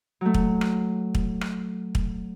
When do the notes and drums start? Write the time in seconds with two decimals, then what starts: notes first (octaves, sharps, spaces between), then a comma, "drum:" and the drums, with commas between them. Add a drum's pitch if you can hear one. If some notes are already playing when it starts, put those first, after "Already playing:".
0.21 F#3 A3
0.34 drum: kick
0.61 drum: rim click
1.15 drum: kick
1.41 drum: rim click
1.95 drum: kick